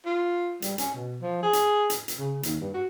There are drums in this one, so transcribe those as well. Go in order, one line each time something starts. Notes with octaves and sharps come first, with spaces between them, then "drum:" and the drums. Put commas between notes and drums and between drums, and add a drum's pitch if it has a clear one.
F4
G3, drum: hi-hat
C#4, drum: hi-hat
B2
F3
G#4
drum: hi-hat
drum: hi-hat
drum: hi-hat
C#3
D#2, drum: hi-hat
G2
F#4